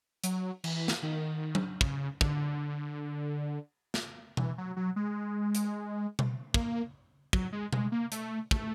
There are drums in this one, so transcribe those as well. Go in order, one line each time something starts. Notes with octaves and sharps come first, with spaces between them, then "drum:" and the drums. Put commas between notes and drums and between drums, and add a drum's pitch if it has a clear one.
F#3, drum: hi-hat
E3, drum: cymbal
drum: snare
D#3
drum: tom F#3
C#3, drum: kick
D3, drum: kick
drum: snare
E3, drum: tom B2
F#3
F#3
G#3
drum: hi-hat
drum: tom B2
A#3, drum: kick
F#3, drum: kick
G#3
G#3, drum: tom B2
A#3
A3, drum: hi-hat
A3, drum: kick